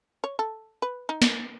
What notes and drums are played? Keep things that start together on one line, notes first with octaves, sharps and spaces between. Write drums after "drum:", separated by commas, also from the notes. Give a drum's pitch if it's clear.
C#5
A4
B4
D#4
drum: snare